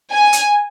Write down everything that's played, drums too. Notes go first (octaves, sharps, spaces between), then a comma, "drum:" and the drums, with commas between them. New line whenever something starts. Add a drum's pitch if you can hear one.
G#5
drum: hi-hat